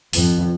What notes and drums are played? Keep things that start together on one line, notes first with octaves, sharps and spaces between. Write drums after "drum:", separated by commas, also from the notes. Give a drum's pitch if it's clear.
F2, drum: open hi-hat